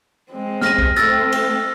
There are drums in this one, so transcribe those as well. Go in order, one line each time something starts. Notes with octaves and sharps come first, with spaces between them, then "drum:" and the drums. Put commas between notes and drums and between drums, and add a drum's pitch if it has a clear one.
G#3 C4
F6 A#6 D#7, drum: snare
drum: kick
A3 C4 E6 A6 A#6, drum: hi-hat
drum: cymbal